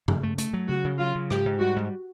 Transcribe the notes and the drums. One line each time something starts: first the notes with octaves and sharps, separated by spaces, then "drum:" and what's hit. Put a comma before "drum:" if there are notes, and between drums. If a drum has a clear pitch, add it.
C#3, drum: tom G2
A3
A3, drum: hi-hat
F#3
C#3 F#4
C#3
F#3 F4
C#3
G#2 G4, drum: rim click
G#2
G3 F#4
G#2